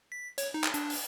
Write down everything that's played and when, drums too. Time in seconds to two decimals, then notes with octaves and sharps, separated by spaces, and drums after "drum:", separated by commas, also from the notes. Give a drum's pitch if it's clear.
0.12 B6
0.38 C#5, drum: hi-hat
0.54 D#4
0.64 drum: clap
0.74 D4, drum: hi-hat
0.90 drum: open hi-hat